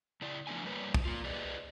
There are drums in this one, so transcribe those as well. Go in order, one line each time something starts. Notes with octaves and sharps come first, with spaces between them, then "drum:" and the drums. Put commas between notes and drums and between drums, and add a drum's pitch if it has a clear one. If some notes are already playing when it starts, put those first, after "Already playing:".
C#3 E4 D5
F3 A3 B3 D4 E4 G#5
G3 A#3 B4 C#5 D5
drum: kick
A#3 F4
G4 G#4 B4 D5 D#5